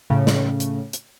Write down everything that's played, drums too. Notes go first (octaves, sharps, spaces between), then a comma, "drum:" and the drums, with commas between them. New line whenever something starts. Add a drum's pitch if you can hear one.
A2 C#3
drum: snare
drum: hi-hat
drum: hi-hat